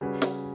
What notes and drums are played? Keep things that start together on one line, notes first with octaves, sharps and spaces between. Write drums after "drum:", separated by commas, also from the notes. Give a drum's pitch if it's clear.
C#3 G3 C#4 F#4 B4
drum: snare